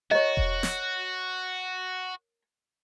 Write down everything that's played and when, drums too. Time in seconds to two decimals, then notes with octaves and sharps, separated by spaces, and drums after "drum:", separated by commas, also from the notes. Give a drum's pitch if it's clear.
0.11 F#4 A#4 C#5 D#5
0.37 drum: kick E1
0.63 drum: snare